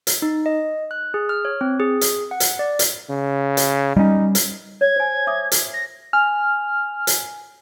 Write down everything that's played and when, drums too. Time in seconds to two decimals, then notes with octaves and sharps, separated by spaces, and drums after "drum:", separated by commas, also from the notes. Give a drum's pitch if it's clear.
0.07 drum: hi-hat
0.22 D#4
0.46 D#5
0.91 F#6
1.14 G#4
1.29 F6
1.45 C#5
1.61 C4
1.80 G#4
2.01 drum: hi-hat
2.31 F#5
2.40 drum: hi-hat
2.59 D5
2.79 drum: hi-hat
3.10 C#3
3.57 drum: hi-hat
3.97 G3 C#4 D#4
4.35 drum: hi-hat
4.81 C#5 G#6
4.96 C5 G#5
5.27 E5 D6 D#6
5.52 drum: hi-hat
5.74 A#6
6.13 G#5 F6
7.07 drum: hi-hat